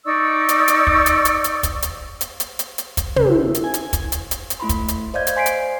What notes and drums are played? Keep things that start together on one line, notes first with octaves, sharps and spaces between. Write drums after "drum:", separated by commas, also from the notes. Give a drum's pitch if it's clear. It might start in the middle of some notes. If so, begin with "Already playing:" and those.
D#4 D5 C#6 E6
drum: hi-hat
drum: hi-hat
drum: kick
drum: hi-hat
drum: hi-hat
drum: hi-hat
drum: kick, hi-hat
drum: hi-hat
drum: hi-hat
drum: hi-hat
drum: hi-hat
drum: hi-hat
drum: kick, hi-hat
C#3, drum: tom
E4
drum: hi-hat
G#5
drum: hi-hat
drum: kick, hi-hat
drum: hi-hat
drum: hi-hat
drum: hi-hat
A3 E4 B5 C6
drum: kick, hi-hat
drum: hi-hat
C5 D5 D#5 F5 G6 G#6
drum: hi-hat
C5 G#5 C6 B6 C7 D7
drum: hi-hat